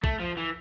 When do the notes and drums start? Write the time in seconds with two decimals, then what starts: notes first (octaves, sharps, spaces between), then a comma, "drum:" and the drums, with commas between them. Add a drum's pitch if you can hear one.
0.04 A3, drum: kick B1
0.20 F3
0.37 E3